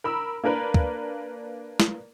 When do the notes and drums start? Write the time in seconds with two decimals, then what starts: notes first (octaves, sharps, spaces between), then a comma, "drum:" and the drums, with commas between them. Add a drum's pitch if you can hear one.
0.04 A#4 B5 E6
0.44 A#3 D4 A#4 B4
0.74 drum: kick
1.80 drum: snare